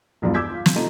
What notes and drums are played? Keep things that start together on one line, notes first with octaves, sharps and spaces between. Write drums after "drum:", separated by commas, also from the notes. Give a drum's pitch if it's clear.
E1 B1 G2 B2 F4
D6 E6 G6 G#6 B6
F4 F5
drum: snare
C3 A3 D#4 F4 A#5 D#7